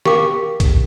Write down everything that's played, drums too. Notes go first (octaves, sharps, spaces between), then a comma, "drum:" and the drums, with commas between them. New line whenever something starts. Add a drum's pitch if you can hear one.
G4 A#4 F5 G5 D6, drum: snare
drum: kick B1, hi-hat